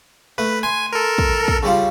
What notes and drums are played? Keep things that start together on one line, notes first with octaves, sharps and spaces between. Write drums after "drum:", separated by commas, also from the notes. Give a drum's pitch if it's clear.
A3 B4
G#5 C6
A4 A#4
drum: kick
drum: kick
C#3 G3 F4